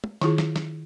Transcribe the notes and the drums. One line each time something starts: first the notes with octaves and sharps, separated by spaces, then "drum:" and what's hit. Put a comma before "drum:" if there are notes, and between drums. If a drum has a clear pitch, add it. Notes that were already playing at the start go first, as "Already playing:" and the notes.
drum: tom
D#3 E4 F4 G#4, drum: snare
drum: snare
drum: snare